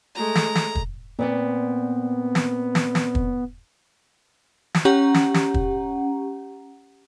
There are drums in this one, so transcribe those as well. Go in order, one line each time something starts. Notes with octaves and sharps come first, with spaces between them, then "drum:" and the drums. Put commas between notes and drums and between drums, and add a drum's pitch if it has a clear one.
G#3 A3 A#5
drum: snare
drum: snare
drum: kick
A#2 B3 C4 D5
drum: snare
drum: snare
drum: snare
drum: kick
drum: snare
C#4 G4 F#5 A#5
drum: snare
drum: snare
drum: kick